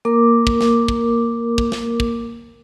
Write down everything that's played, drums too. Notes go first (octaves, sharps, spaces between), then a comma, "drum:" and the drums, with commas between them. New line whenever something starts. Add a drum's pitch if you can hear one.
A#3 A#4 D6
drum: kick
drum: snare
drum: kick
drum: kick
drum: snare
drum: kick